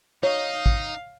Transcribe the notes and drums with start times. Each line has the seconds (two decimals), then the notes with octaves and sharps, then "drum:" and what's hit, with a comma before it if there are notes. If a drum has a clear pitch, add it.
0.23 D#4 C#5 D#5 F5
0.66 drum: kick